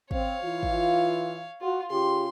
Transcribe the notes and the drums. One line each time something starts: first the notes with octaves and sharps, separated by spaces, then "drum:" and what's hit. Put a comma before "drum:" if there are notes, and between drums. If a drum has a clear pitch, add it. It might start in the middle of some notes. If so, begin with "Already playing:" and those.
C4 C#5 F5, drum: kick
E3 F4
drum: kick
F4 F#4
C#3 F4 G4 C6